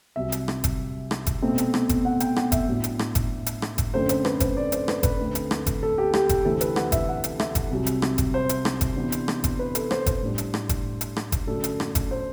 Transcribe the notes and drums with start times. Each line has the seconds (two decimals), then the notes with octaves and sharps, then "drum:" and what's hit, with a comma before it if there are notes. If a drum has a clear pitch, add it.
0.16 C2 C3 F#3 E5
0.32 drum: hi-hat
0.48 drum: rim click
0.64 drum: kick F#1, hi-hat
1.11 drum: rim click
1.26 drum: kick F#1, hi-hat
1.42 B2 A3 C4
1.58 drum: hi-hat
1.74 drum: rim click
1.89 drum: kick F#1, hi-hat
2.05 F#5
2.20 G5, drum: hi-hat
2.36 F#5, drum: rim click
2.52 E5, drum: kick F#1, hi-hat
2.68 A2 F#3 B3 D4
2.84 drum: hi-hat
2.99 drum: rim click
3.15 drum: kick F#1, hi-hat
3.46 drum: hi-hat
3.62 drum: rim click
3.78 drum: kick F#1, hi-hat
3.93 F#2 D3 A3 C4 C5
4.09 C5, drum: hi-hat
4.25 B4, drum: rim click
4.40 C5, drum: kick F#1, hi-hat
4.57 D5
4.72 C5, drum: hi-hat
4.88 B4, drum: rim click
5.03 B4, drum: kick F#1, hi-hat
5.20 D2 D3 A3 C4
5.35 drum: hi-hat
5.51 drum: rim click
5.66 drum: kick F#1, hi-hat
5.83 A4
5.98 G4
6.14 G4, drum: rim click
6.29 drum: kick F#1, hi-hat
6.45 D2 C3 E3 A3 C4 A4
6.61 B4, drum: hi-hat
6.76 F#5, drum: rim click
6.92 E5, drum: kick F#1, hi-hat
7.09 F#5
7.24 drum: hi-hat
7.40 E5, drum: rim click
7.55 drum: kick F#1, hi-hat
7.71 C2 C3 F#3
7.86 drum: hi-hat
8.02 drum: rim click
8.18 drum: kick F#1, hi-hat
8.34 C5
8.49 drum: hi-hat
8.65 drum: rim click
8.81 drum: kick F#1, hi-hat
8.96 C3 E3 B3 D4
9.12 drum: hi-hat
9.28 drum: rim click
9.44 drum: kick F#1, hi-hat
9.59 B4
9.75 A4, drum: hi-hat
9.91 C5, drum: rim click
10.06 C5, drum: kick F#1, hi-hat
10.23 A2 G3 D4
10.38 drum: hi-hat
10.54 drum: rim click
10.69 drum: kick F#1, hi-hat
11.01 drum: hi-hat
11.16 drum: rim click
11.32 drum: kick F#1, hi-hat
11.47 F#2 D3 F#3 A3 D4 A4
11.64 drum: hi-hat
11.80 A4, drum: rim click
11.95 drum: kick F#1, hi-hat
12.11 C5